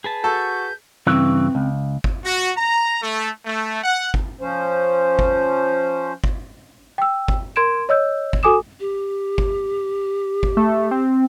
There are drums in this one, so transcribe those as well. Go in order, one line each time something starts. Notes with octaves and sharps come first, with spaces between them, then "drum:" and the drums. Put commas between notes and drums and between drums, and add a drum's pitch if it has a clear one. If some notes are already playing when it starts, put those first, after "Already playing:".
G#4 B4 A5
F#4 A4 G6
G2 C#3 E3 C4
C#2
drum: kick G1
F#4
A#5
A3
A3
F#5
drum: kick G1
F3 C#4 C5
drum: kick G1
drum: kick G1
G5 E6
drum: kick G1
A#4 C6 G#6 D7 E7
C#5 D#5 E6 G6
drum: kick G1
F#4 A4 G#5 D6 D#6 E7
G4
drum: kick G1
drum: kick G1
A3
C4